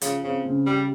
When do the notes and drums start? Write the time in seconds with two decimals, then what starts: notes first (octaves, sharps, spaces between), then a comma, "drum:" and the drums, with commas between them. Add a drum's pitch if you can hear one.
0.01 C#3 F3, drum: hi-hat
0.23 C#3 C4
0.45 C#3
0.66 G3 G4